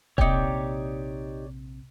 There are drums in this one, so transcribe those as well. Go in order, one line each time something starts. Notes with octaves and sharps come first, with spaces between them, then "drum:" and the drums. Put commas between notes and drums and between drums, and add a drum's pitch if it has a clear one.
A#1 C3 D#4 G4 C#5 D5 D6, drum: kick D#1